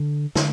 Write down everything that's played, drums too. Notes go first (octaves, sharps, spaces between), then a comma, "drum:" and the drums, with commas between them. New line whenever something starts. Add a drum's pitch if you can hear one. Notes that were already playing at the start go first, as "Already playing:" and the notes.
Already playing: D3
D3, drum: snare